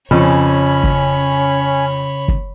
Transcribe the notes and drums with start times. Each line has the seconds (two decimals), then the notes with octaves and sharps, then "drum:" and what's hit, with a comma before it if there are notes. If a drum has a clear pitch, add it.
0.11 F2 C#3 C#4 C#5 B5
0.83 drum: kick
2.28 drum: kick